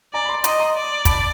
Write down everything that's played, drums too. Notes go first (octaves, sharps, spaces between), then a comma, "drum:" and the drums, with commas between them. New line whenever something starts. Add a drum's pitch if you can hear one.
D5 G#5 A#5
B5
A#5 C6
D#5 A#5 C6, drum: hi-hat
A#5 C6
D5
A5 B5, drum: kick, hi-hat